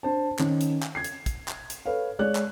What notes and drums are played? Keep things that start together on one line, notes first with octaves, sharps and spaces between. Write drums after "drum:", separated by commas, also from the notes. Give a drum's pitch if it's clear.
D4 C5 A5
D#3 C#4, drum: clap
drum: hi-hat
drum: clap
G#6 C7
drum: hi-hat
drum: kick, hi-hat
drum: clap
drum: hi-hat
A4 B4 C#5 F5
G#3 C#5 D5 F#6
drum: clap